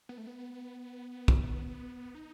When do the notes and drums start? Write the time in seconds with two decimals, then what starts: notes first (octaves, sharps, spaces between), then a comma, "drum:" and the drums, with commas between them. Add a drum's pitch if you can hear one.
0.09 B3
0.18 A3
0.27 B3
1.28 drum: kick
2.15 D#4